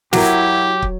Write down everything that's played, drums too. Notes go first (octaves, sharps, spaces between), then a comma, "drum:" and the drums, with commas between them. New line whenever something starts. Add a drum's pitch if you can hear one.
F#3 E4 F#4 G4 A#4, drum: snare
drum: kick